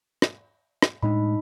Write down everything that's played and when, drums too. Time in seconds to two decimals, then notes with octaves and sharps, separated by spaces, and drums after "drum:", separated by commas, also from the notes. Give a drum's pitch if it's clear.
0.22 drum: rim click
0.82 drum: rim click
1.03 A2 G#3 D4 D#4 D#5 B5